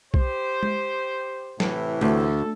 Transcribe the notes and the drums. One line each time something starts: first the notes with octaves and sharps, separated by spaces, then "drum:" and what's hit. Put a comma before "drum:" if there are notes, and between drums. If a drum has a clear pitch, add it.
G4 C5, drum: kick B1
drum: tom
A2 C3 E3, drum: snare
D2 A4